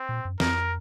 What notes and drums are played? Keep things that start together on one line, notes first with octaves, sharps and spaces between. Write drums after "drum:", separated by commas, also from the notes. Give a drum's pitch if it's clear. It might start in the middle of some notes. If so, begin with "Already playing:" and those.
Already playing: C4
A#2
F#2
F2 A#4, drum: snare